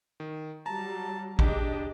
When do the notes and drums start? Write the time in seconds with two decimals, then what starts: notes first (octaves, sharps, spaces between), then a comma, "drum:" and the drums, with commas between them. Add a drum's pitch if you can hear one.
0.20 D#3
0.66 F#3 G3 A5 A#5
1.39 D4 G4 G#4 D#5, drum: kick A1